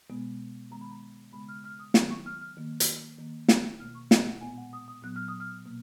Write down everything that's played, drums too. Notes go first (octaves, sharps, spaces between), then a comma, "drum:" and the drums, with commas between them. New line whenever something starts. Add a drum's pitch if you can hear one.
B2 G#3 B3
D#3 G#3 B3 A#5
B5
A#5
C#3 G#3 B3 B5
F6
F6
D#6
D#3 F#3 B3 C#6, drum: snare
C#6
F6
F6
D#3 A#3
drum: hi-hat
D#3 A#3
drum: snare
B2 A#3 F6
C#6
D#5, drum: snare
F#5
A#2 G#3 B3 G#5
F#5
D#6
D#6
A#2 F#3 B3 F#6
F6
D#6
F6
B2 A#3